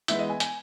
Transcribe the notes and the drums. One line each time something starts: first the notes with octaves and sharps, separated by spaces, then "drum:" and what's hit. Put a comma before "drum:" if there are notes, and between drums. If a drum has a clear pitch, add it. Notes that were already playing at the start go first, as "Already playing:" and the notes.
E3 G#3 B3 E5, drum: hi-hat
D#5
G#5
G#5, drum: hi-hat